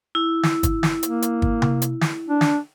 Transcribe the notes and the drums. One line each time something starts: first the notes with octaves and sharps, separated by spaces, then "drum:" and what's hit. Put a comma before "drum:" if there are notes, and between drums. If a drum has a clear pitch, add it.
E4
drum: snare
drum: kick, hi-hat
drum: snare
A#3, drum: hi-hat
drum: hi-hat
drum: kick
drum: tom C3
drum: hi-hat
drum: snare
D4
drum: snare